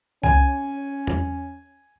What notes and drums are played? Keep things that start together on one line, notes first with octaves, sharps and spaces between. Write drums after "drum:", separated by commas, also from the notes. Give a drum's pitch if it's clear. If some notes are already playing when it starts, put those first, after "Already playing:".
C#4 G#5, drum: kick C2
drum: tom E2